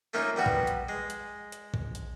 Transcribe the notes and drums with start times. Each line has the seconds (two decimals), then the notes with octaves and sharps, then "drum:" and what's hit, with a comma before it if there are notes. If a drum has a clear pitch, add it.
0.13 A3 A#3 C#4 D#4 F4
0.36 G3 B3 F#4
0.46 drum: kick
0.67 drum: hi-hat
0.89 G#3
1.10 drum: hi-hat
1.52 drum: hi-hat
1.74 drum: kick
1.95 drum: hi-hat